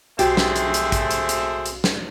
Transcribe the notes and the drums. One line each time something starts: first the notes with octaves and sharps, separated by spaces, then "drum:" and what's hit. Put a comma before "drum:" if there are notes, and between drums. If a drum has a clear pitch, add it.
B1 G#3 A3 C4 F#4 G4 C7, drum: hi-hat
drum: snare
drum: hi-hat
drum: hi-hat
drum: kick, hi-hat
drum: hi-hat
drum: hi-hat
drum: hi-hat
drum: snare